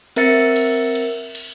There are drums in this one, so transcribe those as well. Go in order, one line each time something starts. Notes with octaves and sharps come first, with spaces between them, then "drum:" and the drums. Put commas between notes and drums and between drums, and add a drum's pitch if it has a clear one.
C4 A#4 E5 A6 C#7, drum: cymbal
drum: cymbal
drum: cymbal
drum: cymbal